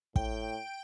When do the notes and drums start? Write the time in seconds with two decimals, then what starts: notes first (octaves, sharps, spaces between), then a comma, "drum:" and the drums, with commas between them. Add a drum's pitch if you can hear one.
0.16 A2 G5, drum: kick